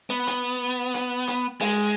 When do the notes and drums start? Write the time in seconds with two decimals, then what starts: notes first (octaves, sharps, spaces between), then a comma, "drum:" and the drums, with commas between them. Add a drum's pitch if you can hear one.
0.10 B3
0.27 drum: hi-hat
0.94 drum: hi-hat
1.28 drum: hi-hat
1.61 G#3, drum: open hi-hat